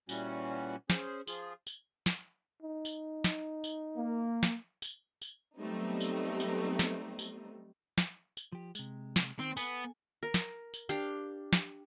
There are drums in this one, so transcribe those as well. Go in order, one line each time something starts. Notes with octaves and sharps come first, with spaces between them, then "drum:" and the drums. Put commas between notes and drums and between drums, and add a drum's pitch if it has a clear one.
A#2 E3 G3 C#4 F#4, drum: tambourine
C#4 G#4 C5, drum: snare
F3 F4 G#4, drum: tambourine
drum: tambourine
drum: snare
D#4
drum: tambourine
drum: snare
drum: tambourine
A#3
drum: snare
drum: tambourine
drum: tambourine
F#3 G3 A3 B3 C4 D#4
drum: tambourine
drum: tambourine
drum: snare
drum: tambourine
drum: snare
drum: tambourine
F3 G4
C3 G#3, drum: tambourine
drum: snare
D#3 C4
B3 A4 G#5, drum: tambourine
A#4
drum: snare
drum: tambourine
D4 G4 F5 G5
drum: snare